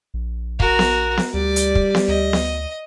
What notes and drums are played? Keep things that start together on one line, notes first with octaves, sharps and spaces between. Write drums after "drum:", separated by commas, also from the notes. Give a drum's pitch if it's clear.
A#1
F#4 A#4, drum: kick
drum: snare B3
drum: snare B3
D2 G3 D5
drum: hi-hat
drum: kick
drum: snare B3
D2 D#5
drum: snare B3